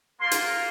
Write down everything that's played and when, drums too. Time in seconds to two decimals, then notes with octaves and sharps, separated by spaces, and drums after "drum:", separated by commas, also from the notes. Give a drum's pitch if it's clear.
0.20 A#3 F4 C6
0.31 drum: hi-hat